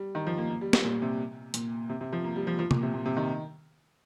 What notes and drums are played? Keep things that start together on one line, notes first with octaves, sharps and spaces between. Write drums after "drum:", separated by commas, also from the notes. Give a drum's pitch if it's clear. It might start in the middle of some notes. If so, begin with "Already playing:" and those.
Already playing: G3
D#3
F3
A#3
A#3
G3
G3, drum: snare
A#2
C3
A#2, drum: hi-hat
C3
C3
F3
A#3
G3
F3
F3
A#2, drum: tom C3
C3
A#2
C3
D#3